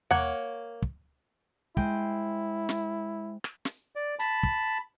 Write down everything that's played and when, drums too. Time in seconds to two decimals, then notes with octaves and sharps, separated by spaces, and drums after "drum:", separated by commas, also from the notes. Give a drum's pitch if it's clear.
0.11 A#3 C#5 F#5, drum: tom D#2
0.82 drum: kick
1.77 G#3 E4 C5 G5, drum: kick
2.69 drum: snare
3.44 drum: rim click
3.65 drum: snare
3.96 D5
4.19 A5 B5, drum: hi-hat
4.43 drum: kick